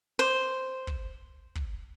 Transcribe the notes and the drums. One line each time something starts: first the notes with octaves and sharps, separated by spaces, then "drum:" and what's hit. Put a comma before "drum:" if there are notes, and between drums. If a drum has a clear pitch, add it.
C5
drum: kick
drum: kick